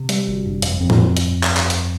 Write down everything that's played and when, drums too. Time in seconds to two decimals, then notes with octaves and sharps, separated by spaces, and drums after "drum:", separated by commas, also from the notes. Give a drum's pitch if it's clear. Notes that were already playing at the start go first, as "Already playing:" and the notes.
Already playing: C3
0.09 G3, drum: hi-hat
0.28 G1
0.46 G2
0.62 F2, drum: hi-hat
0.81 F2
0.90 drum: tom A2
1.17 drum: hi-hat
1.43 drum: clap
1.57 drum: clap
1.70 drum: hi-hat